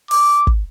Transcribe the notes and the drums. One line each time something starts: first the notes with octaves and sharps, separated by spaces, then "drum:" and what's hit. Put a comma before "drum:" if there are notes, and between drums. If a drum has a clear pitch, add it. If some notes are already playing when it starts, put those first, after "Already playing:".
D6, drum: open hi-hat
drum: kick